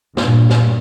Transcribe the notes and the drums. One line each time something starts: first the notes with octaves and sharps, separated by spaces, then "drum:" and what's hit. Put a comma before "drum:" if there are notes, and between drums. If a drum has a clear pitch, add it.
G2 A#2, drum: snare
drum: snare